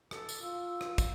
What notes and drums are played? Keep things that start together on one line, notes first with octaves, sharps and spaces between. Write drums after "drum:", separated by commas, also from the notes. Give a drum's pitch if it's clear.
A4, drum: rim click
drum: tambourine
F4 E6
drum: rim click
drum: kick, tambourine